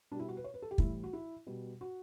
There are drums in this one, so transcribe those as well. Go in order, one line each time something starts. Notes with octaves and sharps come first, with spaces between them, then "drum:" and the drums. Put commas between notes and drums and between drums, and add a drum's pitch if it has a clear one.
B2 G3 D4
E4
F#4
B4
C#5
B4
A4
G4
A2 E3 G3 E4, drum: kick
F#4
E4
B2 G3
F#4